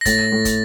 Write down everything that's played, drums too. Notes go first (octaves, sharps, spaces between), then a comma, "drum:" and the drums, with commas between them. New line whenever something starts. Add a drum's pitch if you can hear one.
A#6
A2 A6, drum: kick, hi-hat
A2
drum: kick, hi-hat